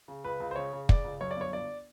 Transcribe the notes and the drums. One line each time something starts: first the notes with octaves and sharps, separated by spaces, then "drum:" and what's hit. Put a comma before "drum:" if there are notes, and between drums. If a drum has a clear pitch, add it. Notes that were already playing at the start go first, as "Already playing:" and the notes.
C#3
C#2 B4
C#2
C5
C#3 C#5
C#3
C#3 D5, drum: kick
C#2
F#2 C#5
D5
G1 C#5
G1 D5